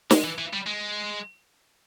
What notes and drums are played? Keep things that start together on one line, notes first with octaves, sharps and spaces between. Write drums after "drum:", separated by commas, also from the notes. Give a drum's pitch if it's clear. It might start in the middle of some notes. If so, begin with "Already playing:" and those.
G#3, drum: snare
E3
E3
G3
G#3